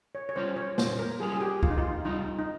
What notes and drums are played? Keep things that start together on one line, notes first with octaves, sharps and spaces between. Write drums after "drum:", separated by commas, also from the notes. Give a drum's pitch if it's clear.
C#5
C#5
G3 C#4 F4 C5
C#5
A#2 C5, drum: snare
A#4
G3 C#4 F4 G#4
G#4
G4
D#3 F4, drum: kick
D#4
F4
G3 C4 D#4 F4
D#4